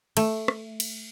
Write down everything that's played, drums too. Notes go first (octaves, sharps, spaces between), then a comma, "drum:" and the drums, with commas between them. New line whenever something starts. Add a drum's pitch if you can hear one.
A3, drum: cymbal
drum: rim click
drum: cymbal